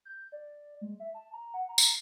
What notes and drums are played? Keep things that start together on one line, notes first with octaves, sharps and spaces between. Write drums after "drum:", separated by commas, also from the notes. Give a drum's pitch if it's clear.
G6
D5
G#3
E5
A5
A#5
F#5
A#5
drum: tambourine